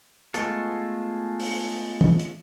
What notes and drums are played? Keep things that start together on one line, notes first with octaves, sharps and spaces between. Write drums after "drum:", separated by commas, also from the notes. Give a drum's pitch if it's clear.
G#3 A3 B3 F4 A4, drum: hi-hat
drum: open hi-hat
drum: tom
drum: hi-hat